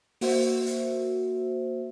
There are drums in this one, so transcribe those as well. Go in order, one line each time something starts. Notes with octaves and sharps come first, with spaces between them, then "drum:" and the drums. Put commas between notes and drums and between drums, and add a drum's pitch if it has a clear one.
A#3 F#4 C5 E5, drum: open hi-hat
drum: hi-hat